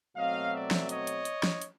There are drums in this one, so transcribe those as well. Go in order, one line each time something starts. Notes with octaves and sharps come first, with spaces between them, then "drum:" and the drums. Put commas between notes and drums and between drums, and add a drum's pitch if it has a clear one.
B2 F#3 A3 C4 D#5 F5
D5 E5
drum: snare
C#5 D#5, drum: hi-hat
drum: hi-hat
drum: hi-hat
drum: snare
drum: hi-hat